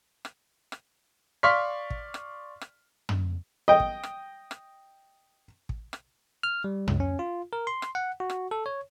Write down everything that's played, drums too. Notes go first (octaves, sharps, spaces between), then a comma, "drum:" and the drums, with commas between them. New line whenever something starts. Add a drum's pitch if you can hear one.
drum: rim click
drum: rim click
D5 F5 C6 C#6 F6 B6
drum: kick
drum: rim click
drum: rim click
drum: tom
D#5 G5
drum: kick
drum: rim click
drum: rim click
drum: kick
drum: rim click
F6
G3
C#2, drum: tom
C#4
F4
A#4
C6
drum: rim click
F#5
F#4
drum: rim click
A4
C#5